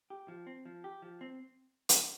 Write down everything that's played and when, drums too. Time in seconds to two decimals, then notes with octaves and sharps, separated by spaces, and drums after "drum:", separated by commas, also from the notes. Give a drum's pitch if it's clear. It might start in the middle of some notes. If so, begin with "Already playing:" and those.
0.10 G4
0.28 F3
0.47 C4
0.65 F3
0.84 G4
1.02 F3
1.21 C4
1.89 drum: hi-hat